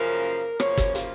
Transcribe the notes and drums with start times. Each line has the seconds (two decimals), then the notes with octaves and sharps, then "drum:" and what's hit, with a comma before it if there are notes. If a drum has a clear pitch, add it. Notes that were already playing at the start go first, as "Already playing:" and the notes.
Already playing: F#2 C#3 F3 A#3 A#4
0.60 F#2 C#3 F3 A#3 C#4 C#5, drum: rim click
0.77 drum: kick, hi-hat
0.95 F4 F5, drum: hi-hat